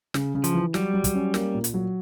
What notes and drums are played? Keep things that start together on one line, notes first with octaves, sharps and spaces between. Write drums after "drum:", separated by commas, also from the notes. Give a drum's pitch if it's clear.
C#3, drum: snare
C#3
F3, drum: hi-hat
E3
F#3 G3, drum: snare
F#3
drum: kick, hi-hat
C#4
A#3, drum: snare
A#2
drum: hi-hat
F#3